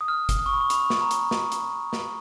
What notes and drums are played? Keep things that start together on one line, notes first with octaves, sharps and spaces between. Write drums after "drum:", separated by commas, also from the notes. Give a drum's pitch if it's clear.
D#6
F6
drum: kick, hi-hat
D#6
C#6
B5
C#6
B5, drum: hi-hat
drum: snare
A#5
drum: hi-hat
drum: snare
drum: hi-hat
drum: snare